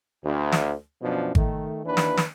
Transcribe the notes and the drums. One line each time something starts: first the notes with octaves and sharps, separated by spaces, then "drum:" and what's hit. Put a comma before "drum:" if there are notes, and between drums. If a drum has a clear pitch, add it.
D2
drum: snare
F#2 B2 F3 D4
D#3 A3, drum: kick G#1
D#2 E3 D4 B4
drum: snare
drum: snare